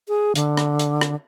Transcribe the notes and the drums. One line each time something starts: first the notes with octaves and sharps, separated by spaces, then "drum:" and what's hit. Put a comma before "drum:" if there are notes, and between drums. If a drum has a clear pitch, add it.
G#4
D3, drum: hi-hat
drum: rim click
drum: hi-hat
drum: rim click